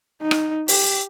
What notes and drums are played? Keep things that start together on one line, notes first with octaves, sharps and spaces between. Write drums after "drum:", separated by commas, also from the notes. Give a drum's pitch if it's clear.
D#4
drum: rim click
G4, drum: open hi-hat